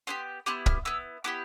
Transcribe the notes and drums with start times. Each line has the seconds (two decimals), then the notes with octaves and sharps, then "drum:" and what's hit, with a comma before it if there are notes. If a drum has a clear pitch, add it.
0.07 B3 E4 G4 C6
0.46 B3 E4 G4 C6
0.66 F6, drum: kick
0.85 B3 E4 E6
1.24 B3 E4 G4 D6